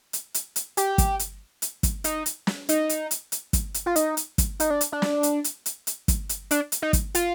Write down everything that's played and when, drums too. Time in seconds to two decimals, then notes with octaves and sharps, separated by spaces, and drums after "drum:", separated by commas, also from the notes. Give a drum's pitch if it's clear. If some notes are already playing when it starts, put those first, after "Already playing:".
0.13 drum: hi-hat
0.34 drum: hi-hat
0.56 drum: hi-hat
0.77 G4, drum: hi-hat
0.98 drum: kick, hi-hat
1.19 drum: hi-hat
1.62 drum: hi-hat
1.83 drum: kick, hi-hat
2.04 D#4, drum: hi-hat
2.26 drum: hi-hat
2.47 drum: snare
2.69 D#4, drum: hi-hat
2.89 drum: hi-hat
3.11 drum: hi-hat
3.32 drum: hi-hat
3.53 drum: kick, hi-hat
3.74 drum: hi-hat
3.86 F4
3.96 D#4, drum: hi-hat
4.17 drum: hi-hat
4.38 drum: kick, hi-hat
4.60 D#4, drum: hi-hat
4.70 D4
4.81 drum: hi-hat
4.92 D4
5.02 drum: snare
5.23 drum: hi-hat
5.44 drum: hi-hat
5.66 drum: hi-hat
5.87 drum: hi-hat
6.08 drum: kick, hi-hat
6.29 drum: hi-hat
6.51 D4, drum: hi-hat
6.72 drum: hi-hat
6.82 D#4
6.93 drum: kick, hi-hat
7.15 F4, drum: hi-hat